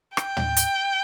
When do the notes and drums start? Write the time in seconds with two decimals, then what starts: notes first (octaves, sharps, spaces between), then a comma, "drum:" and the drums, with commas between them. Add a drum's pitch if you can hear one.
0.17 G5, drum: rim click
0.37 drum: tom
0.57 drum: hi-hat